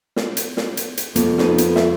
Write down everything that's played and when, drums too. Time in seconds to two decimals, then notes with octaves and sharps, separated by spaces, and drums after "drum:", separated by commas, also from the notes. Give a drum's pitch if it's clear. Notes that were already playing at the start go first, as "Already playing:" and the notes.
0.16 drum: snare
0.37 drum: hi-hat
0.57 drum: snare
0.77 drum: hi-hat
0.97 drum: hi-hat
1.16 F2 A#3 B3, drum: hi-hat
1.38 F2 B3 D#4 B4, drum: snare
1.58 drum: hi-hat
1.76 E5, drum: snare